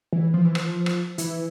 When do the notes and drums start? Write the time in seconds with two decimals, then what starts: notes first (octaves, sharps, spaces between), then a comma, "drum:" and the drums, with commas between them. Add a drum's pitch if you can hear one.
0.13 E3
0.34 F3
0.45 E3
0.55 F3, drum: rim click
0.86 drum: rim click
1.18 E3, drum: hi-hat